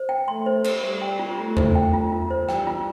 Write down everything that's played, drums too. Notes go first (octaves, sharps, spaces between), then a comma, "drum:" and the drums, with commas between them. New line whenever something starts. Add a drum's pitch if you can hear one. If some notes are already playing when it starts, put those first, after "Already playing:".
Already playing: C5
G5
A3 C6
C5
C5, drum: cymbal
G3 C5
G5
F4
A3 F4
C5, drum: tom E2
G5
F4
F4
C5
G3 G5, drum: rim click
F4